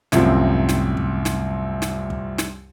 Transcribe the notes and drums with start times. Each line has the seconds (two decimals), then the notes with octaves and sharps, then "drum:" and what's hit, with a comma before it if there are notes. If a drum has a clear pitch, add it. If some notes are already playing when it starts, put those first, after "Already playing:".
0.12 C2 F#2 A2 F3 C4, drum: snare
0.69 drum: snare
0.97 drum: kick
1.25 drum: snare
1.82 drum: snare
2.10 drum: kick
2.38 drum: snare